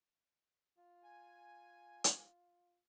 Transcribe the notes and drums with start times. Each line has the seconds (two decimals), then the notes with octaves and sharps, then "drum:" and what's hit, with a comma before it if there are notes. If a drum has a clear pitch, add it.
0.78 F4
1.03 G#5
2.04 drum: hi-hat